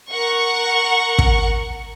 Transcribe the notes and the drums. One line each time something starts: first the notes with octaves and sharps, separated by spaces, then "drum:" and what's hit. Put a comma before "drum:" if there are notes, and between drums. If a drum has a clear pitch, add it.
A#4 F#5 C#6
drum: kick